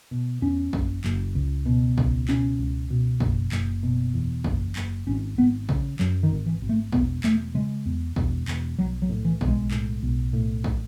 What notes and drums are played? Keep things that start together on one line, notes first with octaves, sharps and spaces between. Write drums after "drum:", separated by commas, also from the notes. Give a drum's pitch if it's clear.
B2
E2 C#4
F#1, drum: kick
F#1, drum: clap
C#2
B2
C#2, drum: kick
B2 C#4, drum: clap
C#2
B2
F#1, drum: kick
F#1, drum: clap
B2
E2
F#1, drum: kick
F#1, drum: clap
G#1 C#4
G#1 B3
C#3, drum: kick
F#2 F#3, drum: clap
D#3
G#1
E3
G#1
A3
E1 B3, drum: kick
E1 A3, drum: clap
C#3 G#3
E2
E1, drum: kick
E1, drum: clap
B1 F#3
F#3
A2
E3
B1, drum: kick
G#3
A2, drum: clap
B1
A2
drum: kick